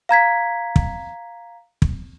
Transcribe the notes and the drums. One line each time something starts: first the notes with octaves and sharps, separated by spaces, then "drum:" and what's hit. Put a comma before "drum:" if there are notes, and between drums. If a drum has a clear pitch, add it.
F5 A#5 G#6 B6
drum: kick
drum: kick